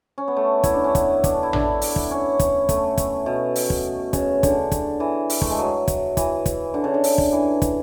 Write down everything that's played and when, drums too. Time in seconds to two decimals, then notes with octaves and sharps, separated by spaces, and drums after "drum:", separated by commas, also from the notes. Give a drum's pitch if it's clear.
0.18 C#4
0.28 B3
0.37 A3
0.64 E4, drum: kick, hi-hat
0.74 D4
0.84 C#4
0.95 B3, drum: kick, hi-hat
1.24 D4, drum: kick, hi-hat
1.43 E4
1.53 D4, drum: tom A1
1.81 drum: open hi-hat
1.96 drum: kick
2.11 C#4
2.39 drum: kick, hi-hat
2.69 A3, drum: kick, hi-hat
2.98 drum: kick, hi-hat
3.26 B2
3.56 drum: open hi-hat
3.70 drum: kick
4.13 C#3, drum: kick, hi-hat
4.43 D3, drum: kick, hi-hat
4.72 drum: kick, hi-hat
5.00 E3
5.30 drum: open hi-hat
5.42 A3, drum: kick
5.50 G#3
5.59 F#3
5.88 drum: kick, hi-hat
6.17 E3, drum: kick, hi-hat
6.46 drum: kick, hi-hat
6.74 D3
6.84 C#3
6.94 D3
7.04 drum: open hi-hat
7.18 drum: kick
7.33 E3
7.62 drum: kick, hi-hat